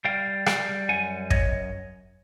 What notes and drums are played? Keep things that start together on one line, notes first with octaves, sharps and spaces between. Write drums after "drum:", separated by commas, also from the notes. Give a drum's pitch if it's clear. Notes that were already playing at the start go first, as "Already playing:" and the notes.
G3 F5 G5
G3 F5 G5, drum: rim click
F#2 F#5 G#5
F#2 C#5 D#5, drum: kick